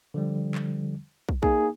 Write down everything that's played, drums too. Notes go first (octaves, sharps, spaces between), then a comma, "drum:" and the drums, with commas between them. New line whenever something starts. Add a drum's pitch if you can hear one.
D3 F3 G3
drum: clap
drum: kick
A#3 D#4 G#4, drum: kick